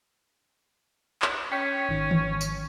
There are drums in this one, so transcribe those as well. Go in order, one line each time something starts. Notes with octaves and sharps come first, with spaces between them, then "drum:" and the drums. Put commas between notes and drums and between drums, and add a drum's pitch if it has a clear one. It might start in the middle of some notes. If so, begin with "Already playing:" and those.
drum: clap
C#4 G5 B6 C#7
G#1 D#3
drum: tom D#3
drum: tambourine